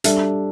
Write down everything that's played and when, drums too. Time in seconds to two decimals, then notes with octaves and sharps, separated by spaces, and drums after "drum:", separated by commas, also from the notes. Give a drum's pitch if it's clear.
0.04 G3 D4 A4 E5, drum: hi-hat